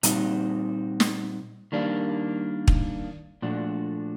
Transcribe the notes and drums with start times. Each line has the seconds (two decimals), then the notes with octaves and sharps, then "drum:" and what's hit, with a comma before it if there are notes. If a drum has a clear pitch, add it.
0.03 A#2 G3 C4 D#4 F#4, drum: hi-hat
1.00 drum: snare
1.72 D#3 G3 A#3 D4
2.68 drum: kick
3.42 A#2 F3 A3 D4 F#4